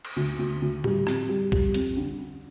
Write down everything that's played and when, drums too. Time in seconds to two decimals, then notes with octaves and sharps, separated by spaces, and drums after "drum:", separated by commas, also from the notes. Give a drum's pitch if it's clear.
0.05 drum: cymbal
0.16 D2
0.39 D2
0.62 D2
0.84 G3, drum: tom A2
1.07 F2, drum: rim click
1.29 G3
1.52 G3, drum: kick
1.74 F2, drum: hi-hat
1.97 D3